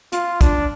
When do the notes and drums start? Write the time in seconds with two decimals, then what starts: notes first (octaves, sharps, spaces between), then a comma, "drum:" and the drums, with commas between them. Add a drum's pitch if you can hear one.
0.12 F4, drum: hi-hat
0.41 D4, drum: kick, hi-hat